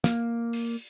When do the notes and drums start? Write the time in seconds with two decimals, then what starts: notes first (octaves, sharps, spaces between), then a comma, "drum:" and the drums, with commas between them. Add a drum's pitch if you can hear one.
0.04 A#3, drum: snare
0.53 drum: open hi-hat